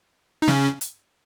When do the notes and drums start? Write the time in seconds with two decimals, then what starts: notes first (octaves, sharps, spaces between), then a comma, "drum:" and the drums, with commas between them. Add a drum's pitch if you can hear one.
0.42 D#4
0.48 C#3 C#4, drum: snare
0.81 drum: hi-hat